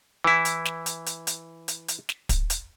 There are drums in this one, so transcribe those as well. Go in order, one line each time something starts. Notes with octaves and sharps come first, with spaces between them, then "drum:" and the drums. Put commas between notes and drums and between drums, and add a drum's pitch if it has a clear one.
E3 E4
drum: hi-hat
drum: snare
drum: hi-hat
drum: hi-hat
drum: hi-hat
drum: hi-hat
drum: hi-hat
drum: snare
drum: kick, hi-hat
drum: hi-hat